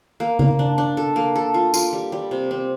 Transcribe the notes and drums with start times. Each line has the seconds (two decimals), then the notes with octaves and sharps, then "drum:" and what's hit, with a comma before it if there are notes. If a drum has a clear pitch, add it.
0.20 A#3
0.39 A#3, drum: tom C#3
0.59 D4
0.78 D4
0.97 A4
1.16 A#3
1.36 A4
1.54 F4
1.74 F4, drum: tambourine
1.93 G3
2.12 G3
2.31 C3
2.51 C4